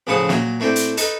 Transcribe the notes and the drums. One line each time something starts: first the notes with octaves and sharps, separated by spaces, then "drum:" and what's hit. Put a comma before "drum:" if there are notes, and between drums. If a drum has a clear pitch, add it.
A1 C#3 F3 B4 F#5 D#6
A#2 F#3, drum: snare
A2 A3 C4 D4 G5
drum: hi-hat
D#4 A4 B4, drum: hi-hat